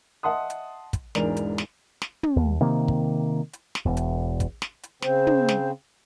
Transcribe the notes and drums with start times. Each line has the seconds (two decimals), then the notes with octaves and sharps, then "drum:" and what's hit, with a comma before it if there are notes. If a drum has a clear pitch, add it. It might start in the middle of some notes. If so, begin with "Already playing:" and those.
0.23 D#5 E5 F#5 A5 C6 D#6
0.50 drum: hi-hat
0.93 drum: kick, hi-hat
1.15 E1 G#2 E3 D4 A#4 F7, drum: snare
1.37 drum: hi-hat
1.58 drum: snare
2.02 drum: snare
2.23 drum: tom
2.36 D#2
2.61 C3 D#3 A#3
2.88 drum: kick
3.53 drum: hi-hat
3.75 drum: snare
3.85 E1 E2
3.97 drum: hi-hat
4.40 drum: kick, hi-hat
4.62 drum: snare
4.83 drum: hi-hat
5.02 C#3 C4 C5, drum: snare
5.27 drum: tom
5.48 drum: snare